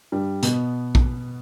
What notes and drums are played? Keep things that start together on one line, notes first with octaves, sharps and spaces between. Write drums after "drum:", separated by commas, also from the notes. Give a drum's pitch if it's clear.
G2 G3
B2 B3, drum: hi-hat
drum: kick